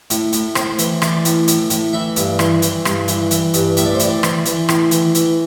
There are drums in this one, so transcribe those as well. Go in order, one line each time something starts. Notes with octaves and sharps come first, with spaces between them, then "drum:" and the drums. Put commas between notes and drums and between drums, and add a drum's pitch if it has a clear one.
A2, drum: hi-hat
A2, drum: hi-hat
A2 C5, drum: rim click
E3, drum: hi-hat
E3 D5, drum: rim click
A2, drum: hi-hat
A2, drum: hi-hat
A2, drum: hi-hat
E3 E5
G2, drum: hi-hat
E3, drum: rim click
E3, drum: hi-hat
G2, drum: rim click
E3, drum: hi-hat
E3, drum: hi-hat
G2, drum: hi-hat
A2 E5, drum: hi-hat
D5
C5
E3 D5, drum: hi-hat
E3, drum: rim click
E3, drum: hi-hat
A2, drum: rim click
E3, drum: hi-hat
E3, drum: hi-hat